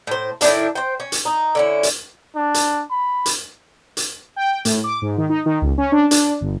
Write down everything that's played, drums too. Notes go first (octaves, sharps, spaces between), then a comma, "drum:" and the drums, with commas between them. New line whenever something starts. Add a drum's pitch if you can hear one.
A2 C5
A2 D#3 D4 E4, drum: hi-hat
C5 G5
C#4
drum: hi-hat
D#4
D3 C#4 E4
drum: hi-hat
D4
drum: hi-hat
B5
drum: hi-hat
drum: hi-hat
G5
A2, drum: hi-hat
D6
G#2
D#3
D#4
D#3
C#2
C#4
D4
D4, drum: hi-hat
G1